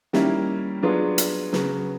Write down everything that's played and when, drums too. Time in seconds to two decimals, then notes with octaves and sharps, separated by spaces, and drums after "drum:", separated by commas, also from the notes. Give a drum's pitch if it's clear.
0.13 D#3 G3 A#3 C#4 E4, drum: snare
0.83 F#3 B3 D4 F4 G#4
1.18 drum: hi-hat
1.53 C#3 F#3 B3, drum: snare